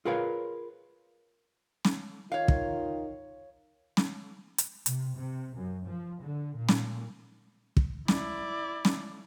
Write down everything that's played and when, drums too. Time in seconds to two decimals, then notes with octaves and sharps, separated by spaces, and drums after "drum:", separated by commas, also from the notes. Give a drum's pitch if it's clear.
0.05 F4 G#4 A#4 B4 C#5 F5
1.85 drum: snare
2.32 D#3 F4 C#5 F5
2.48 drum: kick
3.97 drum: snare
4.58 drum: hi-hat
4.86 C3, drum: hi-hat
5.15 C3
5.56 F#2
5.87 F3
6.22 D3
6.58 A#2
6.68 drum: snare
7.77 drum: kick
8.08 E4 D5, drum: snare
8.85 drum: snare